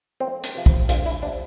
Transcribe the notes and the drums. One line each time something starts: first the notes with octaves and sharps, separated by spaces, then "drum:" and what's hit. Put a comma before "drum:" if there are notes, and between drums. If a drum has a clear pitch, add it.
F2 C4
drum: hi-hat
C3 F3
drum: kick
D2 F4, drum: hi-hat
E4
C3 F3 D4